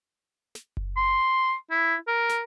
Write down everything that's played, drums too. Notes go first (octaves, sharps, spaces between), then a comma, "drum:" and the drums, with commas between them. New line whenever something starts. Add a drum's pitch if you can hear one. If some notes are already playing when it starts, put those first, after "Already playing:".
drum: snare
drum: kick F#1
C6
E4
A#4
drum: snare